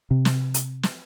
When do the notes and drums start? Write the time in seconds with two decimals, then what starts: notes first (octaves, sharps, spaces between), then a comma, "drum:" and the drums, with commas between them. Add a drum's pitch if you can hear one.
0.11 C3
0.25 drum: snare
0.54 drum: hi-hat
0.83 drum: snare